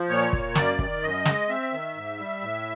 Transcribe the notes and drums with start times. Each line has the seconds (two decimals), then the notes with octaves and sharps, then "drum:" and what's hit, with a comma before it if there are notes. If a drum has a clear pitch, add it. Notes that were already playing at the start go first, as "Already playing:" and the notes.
Already playing: F3
0.09 A#2 C#5
0.33 A#3, drum: kick
0.55 F#2 D5, drum: snare
0.79 D#3, drum: kick
1.02 F#2 D#5
1.25 G#3, drum: snare
1.49 C4 E5
1.72 D#3
1.96 G#2
2.19 G3
2.42 A2